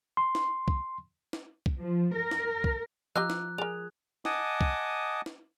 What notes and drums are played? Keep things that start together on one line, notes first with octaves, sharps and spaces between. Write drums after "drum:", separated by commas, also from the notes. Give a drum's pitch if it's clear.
C6
drum: snare
drum: kick C2
drum: snare
drum: kick C2
F3
A#4
drum: snare
drum: kick C2
F3 G4 D#5 F5 A#5 D6 E6 F#6
drum: snare
G#4 A#4 D5 F7
D#5 F#5 G#5 A5 D6 D#6, drum: snare
drum: kick C2
drum: snare